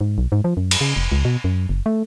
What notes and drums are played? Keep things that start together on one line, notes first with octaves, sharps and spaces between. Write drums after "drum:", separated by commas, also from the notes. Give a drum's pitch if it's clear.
G#2
B1
G#2
F3
F#2
drum: cymbal
C#3
F1
C#2
B2
F#2
F#1
A3